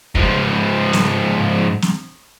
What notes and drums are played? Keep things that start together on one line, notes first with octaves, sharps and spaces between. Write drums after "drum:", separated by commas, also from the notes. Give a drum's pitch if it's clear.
G#2 F3, drum: kick
drum: snare
drum: snare